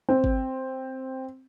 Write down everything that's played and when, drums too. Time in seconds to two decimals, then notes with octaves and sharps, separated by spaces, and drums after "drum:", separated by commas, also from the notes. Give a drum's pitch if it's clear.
0.09 C4
0.24 drum: kick G#1